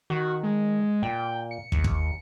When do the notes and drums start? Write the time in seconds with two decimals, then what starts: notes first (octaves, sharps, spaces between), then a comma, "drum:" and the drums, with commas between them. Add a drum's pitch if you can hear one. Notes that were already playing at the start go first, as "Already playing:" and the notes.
0.10 D#3 F#4
0.43 G#3
1.03 A#2 G5
1.51 C#7
1.72 D#2, drum: kick
1.84 drum: kick